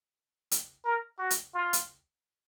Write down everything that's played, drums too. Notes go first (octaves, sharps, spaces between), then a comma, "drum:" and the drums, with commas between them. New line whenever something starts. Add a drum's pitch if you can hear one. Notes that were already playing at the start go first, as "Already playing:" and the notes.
drum: hi-hat
A#4
F#4
drum: hi-hat
F4
drum: hi-hat